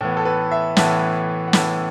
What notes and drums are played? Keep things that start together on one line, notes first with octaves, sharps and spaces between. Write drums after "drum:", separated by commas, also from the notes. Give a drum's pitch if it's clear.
A2 E3 B3
A4
B4
E5
A2 E3 B3 A5, drum: snare
F#5
A2 E3 B3 A5, drum: snare